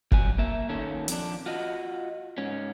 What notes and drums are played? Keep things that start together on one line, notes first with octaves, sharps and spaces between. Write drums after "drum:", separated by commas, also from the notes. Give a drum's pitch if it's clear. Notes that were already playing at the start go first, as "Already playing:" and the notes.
F2 F#3 G#5, drum: kick F#1
A#3 E5
A#2 D#3 C#4 A4
F2 D4, drum: hi-hat
F4 F#4 D#5
G#2 C#4